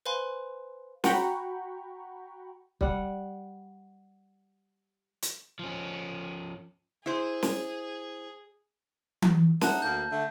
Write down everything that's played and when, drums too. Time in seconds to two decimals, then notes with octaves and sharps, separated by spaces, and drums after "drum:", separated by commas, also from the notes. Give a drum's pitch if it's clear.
0.06 B4 C5 F5 G#5 B5 C6
1.04 F#4 F#5 G5 A#5 B5 C#6, drum: snare
2.81 G3 F#5, drum: kick
5.23 drum: hi-hat
5.59 F3 C#4
7.06 E4 G#4 C5
7.43 drum: snare
9.22 drum: tom E3
9.61 D#4 E5 F#5 A5, drum: snare
9.82 D2 A#3 G6
10.10 D3 A3